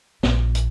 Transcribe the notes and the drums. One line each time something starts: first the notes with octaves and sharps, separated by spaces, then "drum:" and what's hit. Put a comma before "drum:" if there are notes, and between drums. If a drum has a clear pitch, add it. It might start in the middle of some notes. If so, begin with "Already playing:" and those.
A#1, drum: snare
drum: hi-hat